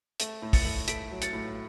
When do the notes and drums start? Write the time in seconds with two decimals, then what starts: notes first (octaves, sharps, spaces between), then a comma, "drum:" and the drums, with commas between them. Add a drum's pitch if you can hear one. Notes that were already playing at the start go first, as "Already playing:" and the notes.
0.20 A3, drum: hi-hat
0.42 A2
0.53 A6 C#7, drum: kick, open hi-hat
0.65 A3
0.88 A3 B6 D7, drum: hi-hat
1.11 F#3
1.22 A6 C#7, drum: hi-hat
1.33 A2